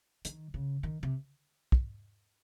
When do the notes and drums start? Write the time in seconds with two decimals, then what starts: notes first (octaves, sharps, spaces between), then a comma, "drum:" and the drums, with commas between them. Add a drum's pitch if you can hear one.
0.25 D#3, drum: hi-hat
0.54 C#3
0.83 D#3
1.03 C3
1.72 drum: kick